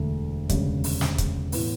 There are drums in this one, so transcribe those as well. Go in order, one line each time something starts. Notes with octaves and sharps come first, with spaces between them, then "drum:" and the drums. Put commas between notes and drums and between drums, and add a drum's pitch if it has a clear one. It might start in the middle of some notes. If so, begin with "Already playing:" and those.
Already playing: E1 D2 D3 A3
E1 D2 C#3 G3, drum: kick, hi-hat
drum: open hi-hat
drum: snare
drum: kick, hi-hat
A2 E3 B3, drum: open hi-hat